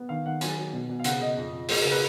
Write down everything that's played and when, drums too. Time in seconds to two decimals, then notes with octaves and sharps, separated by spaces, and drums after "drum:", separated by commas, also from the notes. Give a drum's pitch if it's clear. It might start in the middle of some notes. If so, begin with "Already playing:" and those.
Already playing: B3
0.09 D#3 F5
0.25 D#3 F#5
0.41 F#3 G#5, drum: hi-hat
0.58 F#3
0.73 B2
0.90 B2
0.99 F5
1.04 C#3 F#5, drum: hi-hat
1.21 C#3 D#5
1.37 F2
1.53 F2
1.69 G#3, drum: open hi-hat
1.82 C#3 A#4
1.91 B4